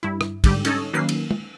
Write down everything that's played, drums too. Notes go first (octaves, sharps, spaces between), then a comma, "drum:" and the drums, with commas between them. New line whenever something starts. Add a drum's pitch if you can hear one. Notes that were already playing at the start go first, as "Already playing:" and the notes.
G2 E4
drum: rim click
G#2 D3 G3 G4, drum: kick, cymbal
C#4 D#4 A4 C#5 D#5, drum: cymbal
D#3 F#3 A#3 C#4 B4 C7
drum: cymbal
drum: tom